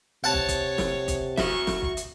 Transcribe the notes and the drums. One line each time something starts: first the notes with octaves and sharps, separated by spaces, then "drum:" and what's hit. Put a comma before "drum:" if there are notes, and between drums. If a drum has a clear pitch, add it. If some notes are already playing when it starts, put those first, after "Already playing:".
C3 C#5 F#5 A5
drum: kick
drum: kick, hi-hat
drum: snare
drum: kick, hi-hat
F#4 E5 C#6, drum: snare
drum: snare
drum: kick
drum: hi-hat